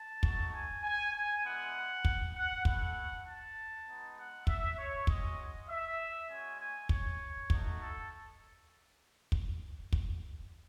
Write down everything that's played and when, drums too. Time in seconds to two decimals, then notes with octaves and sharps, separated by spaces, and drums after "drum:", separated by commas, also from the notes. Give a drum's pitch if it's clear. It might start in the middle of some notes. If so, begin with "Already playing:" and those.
Already playing: A5
0.23 A3 D#4 F#4, drum: kick
0.53 G#5
0.83 G#5
1.13 G#5
1.44 G#3 B3 E4 F#5
2.05 drum: kick
2.35 F#5
2.65 A3 E4 F#5, drum: kick
3.26 A5
3.87 G#3 B3 D#4
4.16 F#5
4.47 E5, drum: kick
4.78 C#5
5.07 G#3 C#4 F#4 D#5, drum: kick
5.68 E5
6.29 G#3 C#4 F#4 G#5
6.59 G#5
6.89 C#5, drum: kick
7.50 A3 D#4 F#4, drum: kick
7.80 A4
9.32 drum: kick
9.92 drum: kick